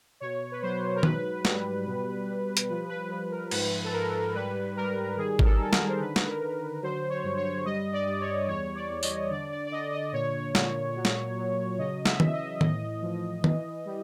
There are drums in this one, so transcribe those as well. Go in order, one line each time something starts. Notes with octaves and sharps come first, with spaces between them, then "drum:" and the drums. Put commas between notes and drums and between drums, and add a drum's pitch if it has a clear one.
B2 C#5
B4
F#3 C5
A#4
G#2 B4, drum: tom D#3
G3, drum: snare
B2
G3
drum: hi-hat
F3 B4
B4
F3 B4
A#4
G#2 B4, drum: cymbal
A4
G#2 A#4
G3 B4
G3 A#4
D#3 G#4
A#4, drum: kick G#1
A4
D#3 A4
A#4, drum: snare
C5
D3 B4
drum: snare
A#4
D3
F#3 C5
C#5
G2
C#5
G3 D#5
D5
G3
C#5
E2 C#5
D5
E2
D#5, drum: tambourine
D3 D5
D5
D5
D3 D#5
D#5
A#2 C#5
A#2, drum: snare
F#3
drum: snare
F#3
C#3 D#5
E5, drum: snare
E3, drum: tom D#3
E5
D#5
A2 D#5, drum: tom D#3
F3
E3, drum: tom D#3
G3